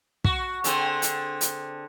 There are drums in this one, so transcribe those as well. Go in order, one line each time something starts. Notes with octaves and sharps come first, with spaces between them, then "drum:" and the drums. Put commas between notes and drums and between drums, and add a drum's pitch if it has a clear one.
F#4, drum: kick
D3 C4 G#4, drum: hi-hat
drum: hi-hat
drum: hi-hat